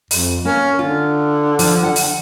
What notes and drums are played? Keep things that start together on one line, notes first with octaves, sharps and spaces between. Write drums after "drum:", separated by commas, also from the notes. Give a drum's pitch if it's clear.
F2, drum: open hi-hat
A#3 C#4
D3 F4
F3, drum: open hi-hat
F#5
drum: open hi-hat